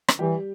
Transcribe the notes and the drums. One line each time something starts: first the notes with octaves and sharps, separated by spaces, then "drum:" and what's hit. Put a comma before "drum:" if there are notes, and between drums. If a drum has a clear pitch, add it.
drum: rim click
E3 G3 G4